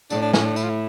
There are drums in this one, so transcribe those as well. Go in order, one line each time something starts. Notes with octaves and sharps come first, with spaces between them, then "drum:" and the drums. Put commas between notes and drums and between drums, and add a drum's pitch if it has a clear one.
A2 D4, drum: tambourine
D4
C#4, drum: snare
D4
E4, drum: tambourine
F4
E4